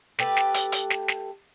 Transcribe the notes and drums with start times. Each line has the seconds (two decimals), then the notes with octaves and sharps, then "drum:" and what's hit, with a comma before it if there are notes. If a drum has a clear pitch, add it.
0.19 A3 G4 A4 B4, drum: snare
0.37 drum: snare
0.54 drum: hi-hat
0.72 drum: hi-hat
0.90 drum: snare
1.08 drum: snare